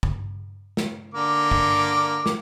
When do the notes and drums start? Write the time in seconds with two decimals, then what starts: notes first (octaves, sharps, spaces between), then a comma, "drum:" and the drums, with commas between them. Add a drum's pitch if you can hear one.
0.03 drum: kick
0.77 drum: snare
1.14 D3 A#3 D6
1.51 drum: kick
2.26 drum: snare